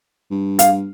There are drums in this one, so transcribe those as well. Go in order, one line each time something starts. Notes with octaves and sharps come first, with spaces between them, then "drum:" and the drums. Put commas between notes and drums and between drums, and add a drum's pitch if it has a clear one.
G2
F5, drum: hi-hat